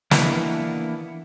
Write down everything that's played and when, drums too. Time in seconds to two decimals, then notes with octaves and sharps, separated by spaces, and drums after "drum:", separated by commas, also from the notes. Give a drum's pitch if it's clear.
0.11 E3 A#3 B3 D4 E4, drum: snare